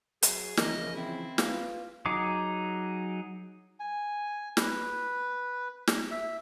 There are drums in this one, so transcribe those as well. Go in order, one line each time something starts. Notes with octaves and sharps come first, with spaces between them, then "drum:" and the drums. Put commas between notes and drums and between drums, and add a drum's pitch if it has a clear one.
F#3 G#4, drum: hi-hat
C#3 E3 F3 A#4 D#5, drum: snare
C4 E4
F4 B4, drum: snare
F#3 D#4 G#4 D6
G#5
B4, drum: snare
drum: snare
E5